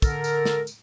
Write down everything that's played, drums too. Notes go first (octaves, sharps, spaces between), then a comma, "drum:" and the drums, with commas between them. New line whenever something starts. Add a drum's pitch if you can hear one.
D3 A4 A#4, drum: kick, tambourine
drum: tambourine
drum: snare
drum: tambourine